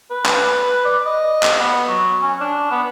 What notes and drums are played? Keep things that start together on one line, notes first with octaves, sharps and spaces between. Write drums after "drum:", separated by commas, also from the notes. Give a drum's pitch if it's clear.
B4
drum: clap
D5
D#5
drum: clap
B3
F#3
C#4
D4
B3